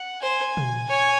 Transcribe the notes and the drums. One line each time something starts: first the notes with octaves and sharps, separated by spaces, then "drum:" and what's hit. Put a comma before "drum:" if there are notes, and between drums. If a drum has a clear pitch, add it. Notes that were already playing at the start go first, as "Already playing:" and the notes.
Already playing: F#5
C5 G#5
drum: tom
C#5 G#5